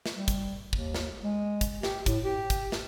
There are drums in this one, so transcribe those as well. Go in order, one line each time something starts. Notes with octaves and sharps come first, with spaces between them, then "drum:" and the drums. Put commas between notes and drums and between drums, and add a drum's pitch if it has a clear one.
drum: snare
G3
drum: kick, hi-hat
D#2, drum: kick
drum: snare
G#3
drum: kick, hi-hat
G4, drum: snare
A2, drum: kick, hi-hat
G4
drum: kick, hi-hat
drum: snare